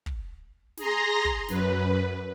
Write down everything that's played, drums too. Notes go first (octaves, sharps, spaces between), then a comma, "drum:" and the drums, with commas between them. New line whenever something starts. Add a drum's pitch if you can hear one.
drum: kick
G#4 A#5 C6 A#6, drum: snare
drum: kick
F#2 B4, drum: snare